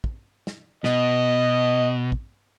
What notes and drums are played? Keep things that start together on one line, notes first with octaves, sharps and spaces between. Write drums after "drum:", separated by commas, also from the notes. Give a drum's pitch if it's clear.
drum: kick
drum: snare
B2 D#5, drum: snare
drum: kick